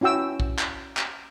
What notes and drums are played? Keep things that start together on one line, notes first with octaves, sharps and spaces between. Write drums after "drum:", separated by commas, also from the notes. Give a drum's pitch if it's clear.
C#4 E4 F#4 G5 E6
drum: kick A#1
drum: clap
drum: clap